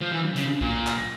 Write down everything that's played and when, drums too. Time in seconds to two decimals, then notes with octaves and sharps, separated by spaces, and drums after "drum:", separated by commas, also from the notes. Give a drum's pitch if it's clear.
0.01 F3
0.11 E3
0.36 C#3, drum: hi-hat
0.61 A#2, drum: kick B1
0.87 drum: clap